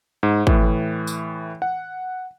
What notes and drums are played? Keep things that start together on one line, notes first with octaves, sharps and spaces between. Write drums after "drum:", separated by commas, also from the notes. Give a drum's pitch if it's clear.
G#2
A2 E3, drum: kick
drum: tambourine
F#5